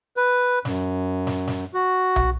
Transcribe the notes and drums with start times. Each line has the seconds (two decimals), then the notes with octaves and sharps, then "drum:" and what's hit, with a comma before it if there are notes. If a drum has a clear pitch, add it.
0.17 B4
0.65 F#2, drum: snare
1.27 drum: snare
1.47 drum: snare
1.74 F#4
2.16 drum: tom B1